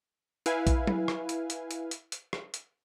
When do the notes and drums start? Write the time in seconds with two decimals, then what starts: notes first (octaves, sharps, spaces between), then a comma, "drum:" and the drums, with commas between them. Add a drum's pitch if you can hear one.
0.46 E4 B4 F5 G#5, drum: hi-hat
0.67 drum: kick A#1, hi-hat
0.87 drum: tom F#3
1.08 drum: rim click
1.29 drum: hi-hat
1.50 drum: hi-hat
1.71 drum: hi-hat
1.91 drum: hi-hat
2.12 drum: hi-hat
2.33 drum: rim click
2.54 drum: hi-hat